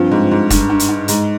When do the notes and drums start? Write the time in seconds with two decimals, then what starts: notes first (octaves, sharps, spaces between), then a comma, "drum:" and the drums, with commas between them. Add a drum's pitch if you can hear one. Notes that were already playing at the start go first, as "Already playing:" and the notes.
Already playing: G2 F3 C4 F4
0.11 G#2
0.31 G#2
0.50 G2, drum: kick, hi-hat
0.70 G2
0.80 drum: hi-hat
0.89 G2
1.08 G#2 D#4, drum: hi-hat